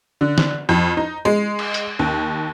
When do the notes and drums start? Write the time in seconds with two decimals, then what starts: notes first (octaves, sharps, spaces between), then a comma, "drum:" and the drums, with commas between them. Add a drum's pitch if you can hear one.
0.21 D3
0.38 drum: snare
0.69 F2
0.97 D#4
1.25 G#3
1.59 drum: cymbal
1.74 drum: hi-hat
1.99 D#2